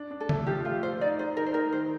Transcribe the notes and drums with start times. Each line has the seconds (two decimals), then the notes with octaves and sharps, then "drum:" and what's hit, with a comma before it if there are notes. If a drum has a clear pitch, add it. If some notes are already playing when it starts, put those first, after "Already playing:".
Already playing: D4
0.11 D4
0.20 A4
0.29 A3, drum: tom
0.46 F3 G4
0.65 A3 F4
0.82 A3 C5
1.01 D#4 D5
1.19 D#4 C5
1.37 D#3 A#4
1.46 C5
1.54 D#3 A#4
1.73 D#3 C5